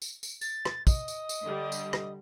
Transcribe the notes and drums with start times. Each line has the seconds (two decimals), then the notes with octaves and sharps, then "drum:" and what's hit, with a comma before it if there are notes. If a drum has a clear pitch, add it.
0.02 drum: tambourine
0.23 drum: tambourine
0.41 A6, drum: tambourine
0.65 drum: rim click
0.87 D#5, drum: kick, tambourine
1.08 drum: tambourine
1.29 drum: tambourine
1.44 D3 G3
1.72 drum: tambourine
1.93 drum: rim click